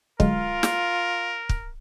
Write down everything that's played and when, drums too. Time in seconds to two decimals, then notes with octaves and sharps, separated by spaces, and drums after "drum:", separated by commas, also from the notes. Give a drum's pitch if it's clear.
0.20 D3 F#3 G#3 F4 A#4, drum: kick
0.63 drum: snare
1.49 drum: kick